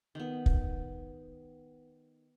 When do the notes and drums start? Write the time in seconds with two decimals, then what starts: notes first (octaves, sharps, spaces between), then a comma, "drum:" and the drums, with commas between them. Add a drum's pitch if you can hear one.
0.15 D#3 B3
0.46 drum: kick